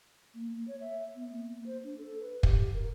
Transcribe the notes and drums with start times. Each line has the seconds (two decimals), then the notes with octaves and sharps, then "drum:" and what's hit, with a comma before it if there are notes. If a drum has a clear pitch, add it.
0.34 A#3
0.55 A#3
0.68 C#5
0.81 E5
1.15 B3
1.31 A#3
1.66 C5
1.84 D4
1.98 A4
2.20 B4
2.43 G4, drum: kick
2.74 A#4